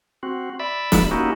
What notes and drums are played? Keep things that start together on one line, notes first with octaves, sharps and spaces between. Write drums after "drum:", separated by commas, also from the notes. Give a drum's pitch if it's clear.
C4 F#4
D5 E5 B5
drum: snare
A#3 C#4 D#4 E4 F#4 G4